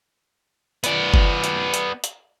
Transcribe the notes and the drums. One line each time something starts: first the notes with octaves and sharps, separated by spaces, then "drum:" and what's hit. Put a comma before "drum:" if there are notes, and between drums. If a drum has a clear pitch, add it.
B3 D5, drum: hi-hat
drum: kick
drum: hi-hat
drum: hi-hat
drum: hi-hat